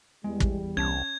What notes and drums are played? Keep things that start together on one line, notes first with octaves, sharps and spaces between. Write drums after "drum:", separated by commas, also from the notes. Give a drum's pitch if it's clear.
E2 G3 G#3
drum: kick
C2 C#4 A5 G#6